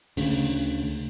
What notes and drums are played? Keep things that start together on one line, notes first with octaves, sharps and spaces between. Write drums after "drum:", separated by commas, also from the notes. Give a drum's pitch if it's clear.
D2 C#3, drum: open hi-hat